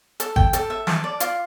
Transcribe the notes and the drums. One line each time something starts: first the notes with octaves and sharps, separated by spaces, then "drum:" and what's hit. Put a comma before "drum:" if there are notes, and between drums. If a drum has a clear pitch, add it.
A4, drum: hi-hat
G5, drum: kick G#1
A4, drum: hi-hat
E5
A5, drum: snare
D5
F4, drum: hi-hat